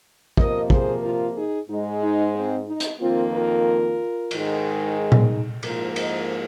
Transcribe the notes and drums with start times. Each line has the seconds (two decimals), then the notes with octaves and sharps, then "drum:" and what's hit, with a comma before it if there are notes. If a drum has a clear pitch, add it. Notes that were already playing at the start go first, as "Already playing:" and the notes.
0.37 C3 F3 A#3 A#4 D#5, drum: kick
0.70 G#4 C5, drum: kick
1.03 F4 A#4
1.36 D#4 G#4
1.68 G#2 G#3 D#4
2.02 D#4
2.34 C4
2.68 D#4
2.80 drum: hi-hat
3.00 F2 D#3 A#3 C4 F4
3.33 F4 A#4
4.31 G#2 D#3 G#3, drum: cymbal
4.97 D#4 G#4
5.12 drum: tom A#2
5.63 G#2 F3 A#3 F4 A#4, drum: cymbal
5.96 A#4 D#5, drum: cymbal